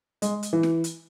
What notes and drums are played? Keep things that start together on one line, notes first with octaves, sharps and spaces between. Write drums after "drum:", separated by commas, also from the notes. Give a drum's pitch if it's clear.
G#3, drum: hi-hat
drum: hi-hat
E3
drum: snare
drum: hi-hat